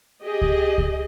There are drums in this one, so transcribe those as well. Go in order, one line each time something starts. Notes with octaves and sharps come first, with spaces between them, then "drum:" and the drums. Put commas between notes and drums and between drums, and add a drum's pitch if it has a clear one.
G4 G#4 D#5
drum: kick C#2
drum: kick C#2